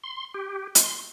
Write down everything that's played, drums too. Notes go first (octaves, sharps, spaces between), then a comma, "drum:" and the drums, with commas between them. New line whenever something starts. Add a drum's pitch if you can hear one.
C6
G4
C6, drum: hi-hat